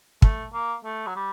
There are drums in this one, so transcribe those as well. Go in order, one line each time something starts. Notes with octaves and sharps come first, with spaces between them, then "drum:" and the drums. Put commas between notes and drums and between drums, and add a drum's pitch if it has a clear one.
A3, drum: kick
A#3
A3
F#3
G3